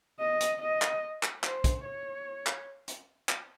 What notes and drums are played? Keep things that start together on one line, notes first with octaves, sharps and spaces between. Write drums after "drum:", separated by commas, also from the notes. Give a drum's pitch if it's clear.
D#5
drum: hi-hat
D#5
drum: clap
drum: clap
C5, drum: clap
drum: kick, hi-hat
C#5
drum: clap
drum: hi-hat
drum: clap